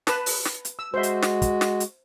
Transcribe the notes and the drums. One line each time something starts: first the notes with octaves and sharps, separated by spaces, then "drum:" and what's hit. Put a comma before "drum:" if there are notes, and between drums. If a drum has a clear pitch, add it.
B4 A5, drum: snare
drum: open hi-hat
drum: snare
drum: hi-hat
E6
G#3 F#4 C5 E5
drum: hi-hat
drum: snare
drum: kick, hi-hat
drum: snare
drum: hi-hat